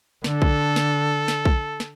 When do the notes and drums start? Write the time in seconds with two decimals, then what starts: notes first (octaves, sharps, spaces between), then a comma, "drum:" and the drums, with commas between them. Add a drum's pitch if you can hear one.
0.24 D3 A4, drum: snare
0.42 drum: kick
0.76 drum: snare
1.28 drum: snare
1.45 drum: kick
1.80 drum: snare